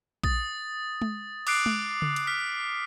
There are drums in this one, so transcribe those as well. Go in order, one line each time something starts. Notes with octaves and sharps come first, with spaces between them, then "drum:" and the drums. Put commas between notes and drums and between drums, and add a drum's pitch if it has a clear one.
D#6 A6, drum: kick A#1
drum: tom G#3
D6 D#6 F#6 C7 D7, drum: cymbal
drum: tom G#3
drum: tom C#3
drum: cymbal
F6 B6